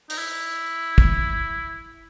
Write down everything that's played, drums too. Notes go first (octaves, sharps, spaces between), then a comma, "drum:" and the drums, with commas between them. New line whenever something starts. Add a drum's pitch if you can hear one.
D#4, drum: open hi-hat
E4
drum: kick